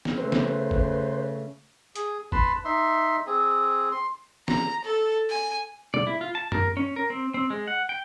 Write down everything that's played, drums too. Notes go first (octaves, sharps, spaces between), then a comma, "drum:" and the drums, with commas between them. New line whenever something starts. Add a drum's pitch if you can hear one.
drum: snare
C#3 A3 B4 C5
drum: snare
drum: kick G1
G#4, drum: hi-hat
B4 A5 B5 C6, drum: kick G1
D#4 E5 C6
C4 G#4
C6
A#5, drum: snare
A4
G#5
D5, drum: tom
E4
F4
A5
A#4, drum: tom F#2
C#4
A#4
C4
C4
G#3
F#5
G5